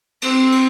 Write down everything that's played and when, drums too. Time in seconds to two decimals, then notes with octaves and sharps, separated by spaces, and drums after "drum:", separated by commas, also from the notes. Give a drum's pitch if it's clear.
0.22 C4, drum: cymbal
0.52 drum: cymbal